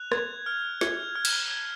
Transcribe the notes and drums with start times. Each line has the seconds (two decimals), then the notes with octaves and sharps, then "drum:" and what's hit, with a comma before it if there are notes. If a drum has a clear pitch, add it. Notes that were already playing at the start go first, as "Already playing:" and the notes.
Already playing: F#6 F7
0.12 G#6, drum: rim click
0.46 F6
0.81 G#6, drum: snare
1.16 F6
1.25 drum: cymbal
1.50 G#6